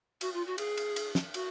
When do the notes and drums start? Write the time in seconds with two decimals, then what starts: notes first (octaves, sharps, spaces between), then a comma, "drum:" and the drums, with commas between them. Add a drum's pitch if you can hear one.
0.21 F#4, drum: cymbal
0.34 F4
0.46 F#4
0.58 G#4, drum: cymbal
0.77 drum: cymbal
0.96 drum: cymbal
1.15 drum: snare
1.34 F#4, drum: cymbal